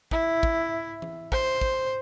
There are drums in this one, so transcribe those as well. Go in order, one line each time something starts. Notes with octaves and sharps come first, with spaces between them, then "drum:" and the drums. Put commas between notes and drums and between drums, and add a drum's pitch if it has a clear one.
E4, drum: kick
drum: kick
drum: tom E3
C5, drum: kick
drum: kick